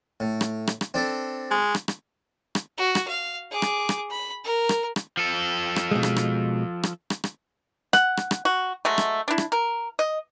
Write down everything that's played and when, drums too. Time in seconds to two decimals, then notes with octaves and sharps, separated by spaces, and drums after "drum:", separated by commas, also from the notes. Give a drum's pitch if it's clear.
0.20 A2
0.41 drum: rim click
0.67 drum: rim click
0.81 drum: rim click
0.94 C4 D4 A4
1.51 G#3
1.75 drum: rim click
1.88 drum: rim click
2.55 drum: rim click
2.78 F#4
2.95 drum: rim click
3.08 F5
3.51 G#4 D6
3.62 drum: rim click
3.89 drum: rim click
4.10 B5
4.44 A#4
4.69 drum: rim click
4.96 drum: rim click
5.17 F3 A4
5.76 drum: rim click
5.91 B2 G#3
6.03 drum: rim click
6.16 drum: rim click
6.83 drum: rim click
7.10 drum: rim click
7.24 drum: rim click
7.93 F#5, drum: rim click
8.17 drum: rim click
8.31 drum: rim click
8.45 F#4
8.85 F#3 G#3 A3
8.98 drum: rim click
9.28 D4 E4
9.38 drum: rim click
9.52 A#4
9.99 D#5